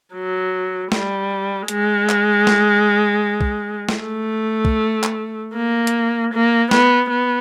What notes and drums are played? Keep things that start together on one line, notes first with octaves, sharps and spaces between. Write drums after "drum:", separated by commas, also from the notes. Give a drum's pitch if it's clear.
F#3
G3, drum: snare
G#3, drum: hi-hat
drum: clap
drum: snare
drum: kick
drum: snare
A3
drum: kick
drum: clap
A#3
drum: hi-hat
A#3
B3, drum: snare
B3